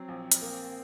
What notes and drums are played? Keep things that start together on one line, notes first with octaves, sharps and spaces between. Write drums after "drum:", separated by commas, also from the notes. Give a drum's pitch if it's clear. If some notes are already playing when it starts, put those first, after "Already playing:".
Already playing: F#3 C4
A#1
drum: hi-hat
A#3